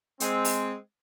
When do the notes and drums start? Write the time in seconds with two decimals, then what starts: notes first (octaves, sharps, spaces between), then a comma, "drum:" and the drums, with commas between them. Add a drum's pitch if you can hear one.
0.20 G#3 C4, drum: hi-hat
0.45 drum: open hi-hat